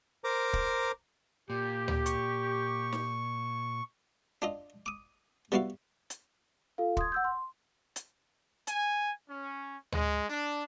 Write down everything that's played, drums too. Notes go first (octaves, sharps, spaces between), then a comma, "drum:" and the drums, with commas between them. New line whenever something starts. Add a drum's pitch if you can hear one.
A#4 C5 A#5 D6
drum: kick
A#2 G4
drum: tom D2
C#6, drum: hi-hat
drum: snare
D4 F4 D#5
D6 D#6
G3 B3 E4 F#4 F5
drum: hi-hat
F4 A4 F5
C6 D#6 G#6, drum: kick
F#5 E6 G6
C6
drum: hi-hat
G#5, drum: hi-hat
C#4
G#3, drum: tom D2
D4